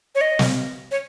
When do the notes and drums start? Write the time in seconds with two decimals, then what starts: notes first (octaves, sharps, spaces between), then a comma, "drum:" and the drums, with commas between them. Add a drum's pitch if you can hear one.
0.15 C#5
0.21 D#5
0.39 drum: snare
0.91 C#5